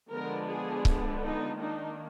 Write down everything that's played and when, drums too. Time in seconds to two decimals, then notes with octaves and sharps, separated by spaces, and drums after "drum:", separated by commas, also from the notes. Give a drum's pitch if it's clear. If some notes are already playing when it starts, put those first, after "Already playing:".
0.11 D3 F3 G#3 B3 D4 A#4
0.48 G#4
0.85 drum: kick C#1
1.22 D#4
1.59 D#3 A#3 D4 D#4